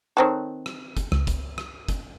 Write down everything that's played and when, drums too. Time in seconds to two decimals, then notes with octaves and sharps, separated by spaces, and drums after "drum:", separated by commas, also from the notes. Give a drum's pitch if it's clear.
0.17 D#3 C4 A4 C#5 A#5 F#6
0.66 drum: rim click
0.97 drum: kick, hi-hat
1.12 C#2, drum: rim click
1.27 drum: kick, hi-hat
1.58 drum: rim click
1.89 drum: kick, hi-hat